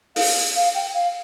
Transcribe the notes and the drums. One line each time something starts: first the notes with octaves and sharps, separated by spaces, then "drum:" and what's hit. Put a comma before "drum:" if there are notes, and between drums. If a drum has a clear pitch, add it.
F5, drum: open hi-hat
F5
G5
F5